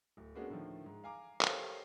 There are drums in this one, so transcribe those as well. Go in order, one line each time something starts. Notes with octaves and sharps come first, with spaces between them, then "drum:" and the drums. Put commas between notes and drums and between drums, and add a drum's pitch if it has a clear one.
D1
G#3 A#3 B3 C#4 D4 F#4
A2 D3 D#3 F3
G#2
F5 G#5 A#5 D6
G4 A4 A#4 C5 C#5 F5, drum: clap